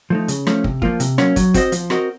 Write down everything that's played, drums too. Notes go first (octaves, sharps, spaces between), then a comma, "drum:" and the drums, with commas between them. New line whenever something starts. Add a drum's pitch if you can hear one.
F3 A3 D#4
C#3, drum: hi-hat
F3 A3 C#4, drum: rim click
C3, drum: kick
F3 A#3 F4, drum: kick
C3, drum: hi-hat
F#3 A#3 C#4, drum: rim click
F#3, drum: kick, hi-hat
C4 F#4 C5 D#5, drum: kick, hi-hat
F3, drum: hi-hat
C4 F#4 A#4 D#5, drum: rim click